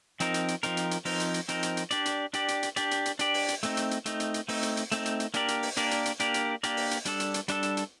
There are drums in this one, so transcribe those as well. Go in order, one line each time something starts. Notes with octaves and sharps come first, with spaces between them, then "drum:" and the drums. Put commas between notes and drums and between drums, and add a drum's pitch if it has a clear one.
F3 C4 D#4 A#4, drum: hi-hat
drum: hi-hat
drum: hi-hat
F3 C4 D#4 A#4, drum: hi-hat
drum: hi-hat
drum: hi-hat
F3 C4 D#4 A#4, drum: open hi-hat
drum: hi-hat
drum: hi-hat
F3 C4 D#4 A#4, drum: hi-hat
drum: hi-hat
drum: hi-hat
D4 G4 D5, drum: hi-hat
drum: hi-hat
D4 G4 D5, drum: hi-hat
drum: hi-hat
drum: hi-hat
D4 G4 D5, drum: hi-hat
drum: hi-hat
drum: hi-hat
D4 G4 D5, drum: hi-hat
drum: open hi-hat
drum: hi-hat
A3 C4 D#4, drum: hi-hat
drum: hi-hat
drum: hi-hat
A3 C4 D#4, drum: hi-hat
drum: hi-hat
drum: hi-hat
A3 C4 D#4, drum: open hi-hat
drum: hi-hat
drum: hi-hat
A3 C4 D#4, drum: hi-hat
drum: hi-hat
drum: hi-hat
A#3 D4 G4 A#4 D5, drum: hi-hat
drum: hi-hat
drum: open hi-hat
A#3 D4 G4 A#4 D5, drum: hi-hat
drum: hi-hat
drum: hi-hat
A#3 D4 G4 A#4 D5, drum: hi-hat
drum: hi-hat
A#3 D4 G4 A#4 D5, drum: hi-hat
drum: open hi-hat
drum: hi-hat
G3 D4 A4, drum: hi-hat
drum: hi-hat
drum: hi-hat
G3 D4 A4, drum: hi-hat
drum: hi-hat
drum: hi-hat